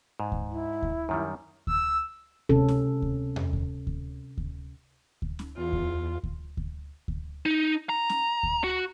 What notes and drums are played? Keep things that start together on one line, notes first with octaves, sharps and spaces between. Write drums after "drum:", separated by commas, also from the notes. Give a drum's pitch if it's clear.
G#2
drum: kick D2
E4
drum: kick D2
F#2 D#3 G3
E6, drum: kick D2
C3 C#4 A4, drum: kick D2
drum: snare C#4
drum: kick D2
drum: tom E2
drum: kick D2
drum: kick D2
drum: kick D2
drum: kick D2
drum: snare C#4
E2 F4
drum: kick D2
drum: kick D2
drum: kick D2
drum: kick D2
D#4
A#5
drum: snare C#4
drum: kick D2
F#4